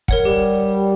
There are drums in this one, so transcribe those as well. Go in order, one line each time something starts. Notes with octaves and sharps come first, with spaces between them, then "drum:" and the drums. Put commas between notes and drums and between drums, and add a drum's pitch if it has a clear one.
A#4 C#5 F#5, drum: kick
G3 G4